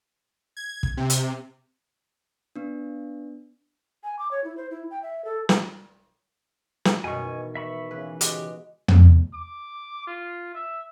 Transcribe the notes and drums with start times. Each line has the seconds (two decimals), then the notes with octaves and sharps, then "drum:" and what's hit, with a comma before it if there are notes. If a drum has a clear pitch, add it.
0.57 G#6
0.83 drum: kick
0.97 C3
1.10 drum: hi-hat
2.56 B3 D4
4.04 G#5
4.19 D6
4.31 C#5
4.44 E4
4.57 C5
4.71 E4
4.91 G5
5.03 E5
5.25 A4
5.49 drum: snare
6.85 drum: snare
7.04 F#2 B2 D#3 G#3 G#5 C#6
7.25 E3
7.55 E5 B5 C#6
7.91 C#3 E3 B4
8.21 G#3 F#4 G4, drum: hi-hat
8.88 drum: tom
9.34 D6
10.07 F4
10.55 E5